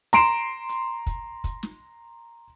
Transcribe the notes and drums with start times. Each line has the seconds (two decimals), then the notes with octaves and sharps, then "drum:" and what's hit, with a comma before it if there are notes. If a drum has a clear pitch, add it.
0.13 A#5 C6 D7 E7, drum: snare
0.69 drum: hi-hat
1.07 drum: kick, hi-hat
1.44 drum: kick, hi-hat
1.63 drum: snare